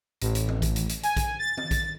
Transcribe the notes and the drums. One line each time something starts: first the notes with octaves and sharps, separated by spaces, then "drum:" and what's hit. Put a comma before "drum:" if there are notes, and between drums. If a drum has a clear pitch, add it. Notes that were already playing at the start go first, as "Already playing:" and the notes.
A1, drum: hi-hat
drum: hi-hat
drum: tom D#3
drum: kick A#1, hi-hat
drum: hi-hat
drum: hi-hat
G#5, drum: hi-hat
drum: kick A#1, hi-hat
A6
drum: tom D#3
drum: kick A#1, hi-hat